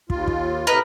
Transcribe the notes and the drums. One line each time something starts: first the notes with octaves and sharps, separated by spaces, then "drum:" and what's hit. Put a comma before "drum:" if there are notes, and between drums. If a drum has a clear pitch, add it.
D#2 F4, drum: kick
drum: kick
A2 C3 A#4 B4 D#5